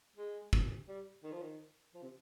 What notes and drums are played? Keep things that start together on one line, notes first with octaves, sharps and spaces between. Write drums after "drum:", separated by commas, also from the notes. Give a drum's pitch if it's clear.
G#3
drum: kick
G3
D#3
F3
D#3
F3
C3